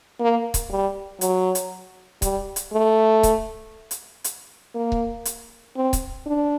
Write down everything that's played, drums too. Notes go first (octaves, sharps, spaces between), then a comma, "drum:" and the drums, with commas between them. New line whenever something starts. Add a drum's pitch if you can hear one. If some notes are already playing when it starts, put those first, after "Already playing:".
A#3
drum: kick C#1, hi-hat
G3
F#3, drum: hi-hat
drum: hi-hat
G3, drum: kick C#1, hi-hat
drum: hi-hat
A3
drum: kick C#1, hi-hat
drum: hi-hat
drum: hi-hat
A#3
drum: kick C#1
drum: hi-hat
C4
drum: kick C#1, hi-hat
D4